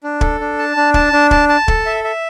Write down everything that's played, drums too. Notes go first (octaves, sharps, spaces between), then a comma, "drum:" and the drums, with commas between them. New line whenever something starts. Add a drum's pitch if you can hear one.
D4
A4, drum: kick
D4
A5
D4
A5, drum: kick
D4
A5, drum: kick
A5
A4, drum: kick
E5
E5